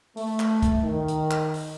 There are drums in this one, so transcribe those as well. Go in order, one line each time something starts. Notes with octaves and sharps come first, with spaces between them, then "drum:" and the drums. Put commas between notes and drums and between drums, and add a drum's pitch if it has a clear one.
A3, drum: open hi-hat
drum: clap
drum: kick, hi-hat
D#3
drum: hi-hat
drum: clap
drum: open hi-hat